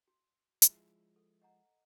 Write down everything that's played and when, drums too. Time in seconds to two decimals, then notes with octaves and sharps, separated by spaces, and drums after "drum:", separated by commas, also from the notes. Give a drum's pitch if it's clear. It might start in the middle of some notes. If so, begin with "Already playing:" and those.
0.08 F#4
0.62 F3 G#3 E4, drum: hi-hat
1.16 A4
1.42 D#5 F#5 A#5